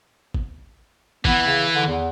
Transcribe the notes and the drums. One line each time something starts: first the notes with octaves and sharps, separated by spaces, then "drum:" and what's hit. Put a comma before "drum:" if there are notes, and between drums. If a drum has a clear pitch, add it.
drum: kick G#1
E3 B3, drum: kick G#1
C#3
D3
E2